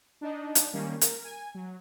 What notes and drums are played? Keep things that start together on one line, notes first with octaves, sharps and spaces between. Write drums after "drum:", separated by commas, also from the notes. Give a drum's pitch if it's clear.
D4 D#4 D#5
drum: hi-hat
D#3 G3 A#3 C#4
A#4, drum: hi-hat
G#5
F#3